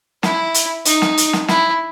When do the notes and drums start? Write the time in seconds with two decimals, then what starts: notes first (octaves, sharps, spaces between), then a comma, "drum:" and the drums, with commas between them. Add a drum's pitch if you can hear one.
0.23 E4, drum: snare
0.54 drum: hi-hat
0.85 D#4, drum: hi-hat
1.02 drum: snare
1.17 drum: hi-hat
1.33 drum: snare
1.48 E4, drum: snare